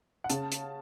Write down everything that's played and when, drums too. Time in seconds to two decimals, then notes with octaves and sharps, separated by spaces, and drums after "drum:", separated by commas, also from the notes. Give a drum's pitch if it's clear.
0.24 F#5
0.30 C#3 A5, drum: hi-hat
0.52 drum: hi-hat